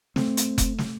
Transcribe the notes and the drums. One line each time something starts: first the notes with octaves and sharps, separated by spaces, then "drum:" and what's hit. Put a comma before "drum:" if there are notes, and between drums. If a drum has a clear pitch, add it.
A3 C4, drum: snare
drum: hi-hat
drum: kick F1, hi-hat
drum: snare